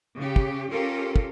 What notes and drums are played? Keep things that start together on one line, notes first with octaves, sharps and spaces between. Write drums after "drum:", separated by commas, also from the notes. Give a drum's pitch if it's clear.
C#3 G4
drum: kick
C#4 F4 G4 A4 A#4
drum: kick